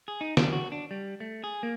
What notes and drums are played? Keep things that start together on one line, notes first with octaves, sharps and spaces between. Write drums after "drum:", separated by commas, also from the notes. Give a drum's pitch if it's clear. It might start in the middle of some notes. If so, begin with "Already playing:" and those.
G#4
D#4
D4, drum: snare
F#4
D4
G3
A3
G#4
A#3